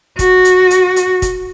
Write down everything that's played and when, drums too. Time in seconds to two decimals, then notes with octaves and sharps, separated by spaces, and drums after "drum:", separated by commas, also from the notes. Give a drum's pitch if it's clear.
0.19 F#4, drum: kick, hi-hat
0.45 drum: hi-hat
0.71 drum: hi-hat
0.96 drum: hi-hat
1.22 drum: kick, hi-hat